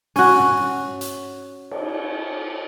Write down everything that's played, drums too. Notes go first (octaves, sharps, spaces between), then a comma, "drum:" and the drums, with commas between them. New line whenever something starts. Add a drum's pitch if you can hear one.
C#4 F#4, drum: open hi-hat
drum: tom
drum: hi-hat
drum: cymbal